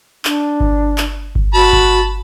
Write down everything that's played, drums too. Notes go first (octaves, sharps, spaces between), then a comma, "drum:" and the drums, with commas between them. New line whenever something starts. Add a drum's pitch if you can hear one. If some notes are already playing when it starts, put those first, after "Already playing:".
D4, drum: clap
drum: kick G1
drum: clap
drum: kick G1
F#4 A5 B5
drum: kick G1